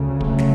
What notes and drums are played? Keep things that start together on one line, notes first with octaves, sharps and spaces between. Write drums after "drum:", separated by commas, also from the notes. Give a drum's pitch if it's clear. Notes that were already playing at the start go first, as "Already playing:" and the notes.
Already playing: D2 C#3
F#3 A3, drum: kick
drum: snare